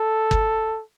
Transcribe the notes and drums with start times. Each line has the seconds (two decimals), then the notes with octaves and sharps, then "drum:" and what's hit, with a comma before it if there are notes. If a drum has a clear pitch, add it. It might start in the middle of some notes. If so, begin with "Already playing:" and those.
Already playing: A4
0.31 drum: kick